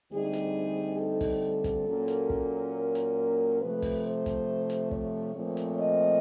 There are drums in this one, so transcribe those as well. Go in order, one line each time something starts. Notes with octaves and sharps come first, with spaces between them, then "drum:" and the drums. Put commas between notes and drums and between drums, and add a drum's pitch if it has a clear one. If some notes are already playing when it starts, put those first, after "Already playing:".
D2 D3 G3 C4 D#4 G#4
drum: hi-hat
A4
drum: kick, open hi-hat
drum: kick, hi-hat
A#2 F#3 A#3 C#4
drum: hi-hat
drum: kick
A#4
drum: hi-hat
C3 F3 A3 B4
drum: kick, open hi-hat
C5
drum: kick, hi-hat
drum: hi-hat
C#5, drum: kick
A#2 F3 A3 C4
drum: hi-hat
D#5